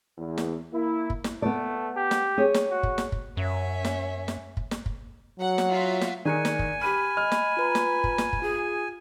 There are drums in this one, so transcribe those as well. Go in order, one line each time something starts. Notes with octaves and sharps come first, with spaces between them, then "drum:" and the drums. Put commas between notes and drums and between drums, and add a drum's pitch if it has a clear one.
E2
drum: snare
A#3 E4
drum: kick
drum: snare
A3 B3 D5
G4
drum: snare
G#4 C#5
drum: snare
F#4
drum: kick
drum: snare
drum: kick
F#2 C#4 E5
drum: snare
drum: snare
drum: kick
drum: snare
drum: kick
F#3 F#5
drum: snare
F4 F#4 E5
drum: snare
D#3 G#4 A#4 D5 G#5 F#6 C#7
drum: snare
drum: kick
G4 B5 F6 D#7
D#5 F6
drum: snare
F4 B4 A#5
drum: snare
drum: kick
drum: snare
drum: kick
F4 G#4